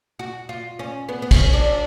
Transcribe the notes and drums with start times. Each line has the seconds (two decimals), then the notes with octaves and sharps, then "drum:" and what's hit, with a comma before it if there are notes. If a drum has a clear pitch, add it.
0.19 F#4
0.49 F4
0.79 C#4
1.09 B3
1.22 B3
1.31 C#4, drum: kick, cymbal
1.53 D4